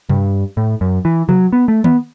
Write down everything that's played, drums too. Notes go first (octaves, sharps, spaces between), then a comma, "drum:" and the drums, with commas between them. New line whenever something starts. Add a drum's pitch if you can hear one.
G2, drum: tom C3
A2
F#2
E3
F#3, drum: tom C3
B3
A3
B3, drum: tom